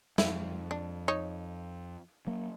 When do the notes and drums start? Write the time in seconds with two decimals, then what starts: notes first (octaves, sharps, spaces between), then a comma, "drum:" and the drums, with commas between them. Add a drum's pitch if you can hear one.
0.18 F2 E4, drum: snare
0.71 D4
1.08 D#4 C#5
2.27 F#3 A#3